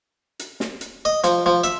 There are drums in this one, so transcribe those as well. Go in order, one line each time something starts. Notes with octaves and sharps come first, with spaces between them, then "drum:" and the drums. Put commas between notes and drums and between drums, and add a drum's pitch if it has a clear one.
drum: hi-hat
drum: snare
drum: hi-hat
D#5
F3, drum: hi-hat
F3
E5, drum: hi-hat